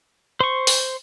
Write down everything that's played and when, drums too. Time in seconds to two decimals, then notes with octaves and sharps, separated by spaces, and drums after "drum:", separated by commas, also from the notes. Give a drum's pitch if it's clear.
0.40 C5 C#6
0.67 drum: open hi-hat